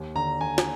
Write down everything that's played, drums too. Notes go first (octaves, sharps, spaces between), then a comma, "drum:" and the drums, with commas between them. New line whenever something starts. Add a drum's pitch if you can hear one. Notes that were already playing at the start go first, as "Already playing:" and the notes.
Already playing: D#2
D3 A#5
D3 G#5
drum: snare